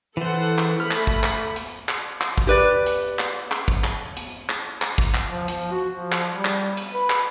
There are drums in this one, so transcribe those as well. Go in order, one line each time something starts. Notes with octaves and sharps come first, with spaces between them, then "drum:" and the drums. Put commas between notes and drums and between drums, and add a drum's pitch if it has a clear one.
E3 A4 C5 F#5
drum: clap
A3 B5 F6
drum: clap
drum: kick
drum: clap
drum: hi-hat
drum: clap
drum: clap
drum: kick
G4 B4 D5
drum: hi-hat
drum: clap
drum: clap
drum: kick
drum: clap
drum: hi-hat
drum: clap
drum: clap
drum: kick
drum: clap
F3
F3, drum: hi-hat
F#4
F3
drum: clap
G3
drum: clap
drum: hi-hat
B4
drum: clap